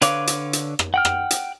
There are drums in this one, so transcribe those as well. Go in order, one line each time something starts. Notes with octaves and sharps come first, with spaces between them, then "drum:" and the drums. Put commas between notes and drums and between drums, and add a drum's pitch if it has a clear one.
D3 B4 C#5 F5 D6, drum: hi-hat
drum: hi-hat
drum: hi-hat
drum: rim click
F#5 G5 F6
drum: rim click
drum: hi-hat